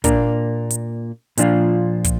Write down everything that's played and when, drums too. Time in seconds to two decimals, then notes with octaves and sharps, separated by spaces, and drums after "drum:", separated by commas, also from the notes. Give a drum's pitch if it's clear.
0.04 A#2 A#3 D4, drum: kick, hi-hat
0.70 drum: hi-hat
1.38 A#2 F3 D4 F4, drum: hi-hat
2.04 drum: kick, hi-hat